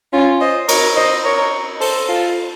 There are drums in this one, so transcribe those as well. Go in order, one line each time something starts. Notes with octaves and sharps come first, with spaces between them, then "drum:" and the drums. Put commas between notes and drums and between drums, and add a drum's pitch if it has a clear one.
C#4 F4
C5 D#5
A#4 C#5, drum: cymbal
C5 D#5
A#4 C#5
A4 C5, drum: open hi-hat
F4 A4